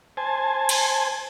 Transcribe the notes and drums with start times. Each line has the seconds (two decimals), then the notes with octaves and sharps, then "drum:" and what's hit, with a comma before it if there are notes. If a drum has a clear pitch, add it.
0.17 C5 G#5 A5
0.69 drum: cymbal